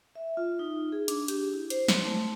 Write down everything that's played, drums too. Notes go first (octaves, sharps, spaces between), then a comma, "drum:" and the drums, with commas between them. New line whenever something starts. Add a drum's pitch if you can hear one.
E5
F4
D#4
G#4
D4, drum: hi-hat
G4, drum: hi-hat
E4
C5, drum: hi-hat
C6, drum: snare
A3